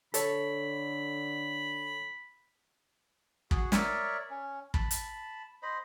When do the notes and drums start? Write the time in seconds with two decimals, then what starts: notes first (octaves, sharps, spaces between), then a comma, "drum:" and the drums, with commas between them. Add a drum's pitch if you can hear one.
0.14 D3 A4 C#5 B5, drum: hi-hat
3.51 F#4 G#4, drum: kick
3.72 A#4 C#5 D5 E5, drum: snare
4.30 C#4
4.74 A5 B5, drum: kick
4.91 drum: hi-hat
5.63 C5 D#5 B5